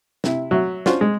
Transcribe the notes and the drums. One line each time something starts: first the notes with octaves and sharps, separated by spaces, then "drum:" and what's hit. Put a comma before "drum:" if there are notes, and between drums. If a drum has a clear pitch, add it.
C3 E4, drum: snare
F#3 E5
C#4 D4 F4 F#4 C5, drum: snare
G#3